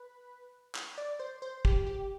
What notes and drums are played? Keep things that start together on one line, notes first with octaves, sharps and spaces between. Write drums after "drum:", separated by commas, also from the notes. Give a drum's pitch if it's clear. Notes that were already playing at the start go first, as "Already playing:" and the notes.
Already playing: B4
drum: clap
D5
C5
C5
G4, drum: kick
G4